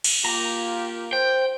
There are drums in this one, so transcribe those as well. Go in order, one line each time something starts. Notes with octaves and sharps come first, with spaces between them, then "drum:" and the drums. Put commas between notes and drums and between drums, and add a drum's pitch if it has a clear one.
drum: cymbal
A#3 F4 G4 A#5
C5 G5